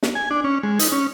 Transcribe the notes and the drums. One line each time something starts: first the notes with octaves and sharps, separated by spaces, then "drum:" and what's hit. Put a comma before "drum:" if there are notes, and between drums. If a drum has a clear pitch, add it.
drum: snare
G#5
D4
C#4
G#3
D#4, drum: hi-hat
C#4